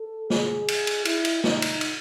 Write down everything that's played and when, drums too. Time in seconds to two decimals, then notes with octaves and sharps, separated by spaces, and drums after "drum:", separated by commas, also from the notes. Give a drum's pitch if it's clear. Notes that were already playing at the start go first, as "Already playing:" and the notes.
Already playing: A4
0.30 G#4, drum: snare
0.68 drum: cymbal
0.87 drum: cymbal
1.05 E4, drum: cymbal
1.25 drum: cymbal
1.44 D#4, drum: snare
1.62 drum: cymbal
1.81 drum: cymbal